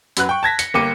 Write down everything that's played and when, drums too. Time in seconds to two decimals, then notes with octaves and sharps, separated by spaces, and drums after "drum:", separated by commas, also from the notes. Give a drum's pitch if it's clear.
0.17 F#2 F#3 B4 F#6, drum: hi-hat
0.29 G5 C#6
0.43 A5 G#6 A#6 B6
0.59 C#7, drum: hi-hat
0.74 G1 A#3 G5 D6 C#7 D#7